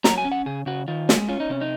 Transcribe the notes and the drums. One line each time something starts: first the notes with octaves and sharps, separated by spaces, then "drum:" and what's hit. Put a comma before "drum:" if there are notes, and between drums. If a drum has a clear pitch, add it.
F#3 A#5, drum: snare
G#5
C#4
F#5
C#3 G#4
C#3 F#4
D#3 F4
G#3, drum: snare
C#4 F4
D#4
C3 C#4
D#4